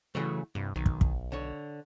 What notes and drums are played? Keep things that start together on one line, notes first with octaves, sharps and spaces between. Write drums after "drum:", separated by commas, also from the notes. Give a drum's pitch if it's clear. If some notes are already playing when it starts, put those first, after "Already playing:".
C#3 E3 F#3 A3
C2 G2
B1 D#3
drum: kick
drum: kick
D3 C#5